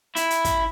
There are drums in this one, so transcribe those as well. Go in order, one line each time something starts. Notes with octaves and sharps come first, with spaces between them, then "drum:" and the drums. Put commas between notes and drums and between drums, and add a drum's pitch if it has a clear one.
E4, drum: hi-hat
drum: hi-hat
drum: kick, hi-hat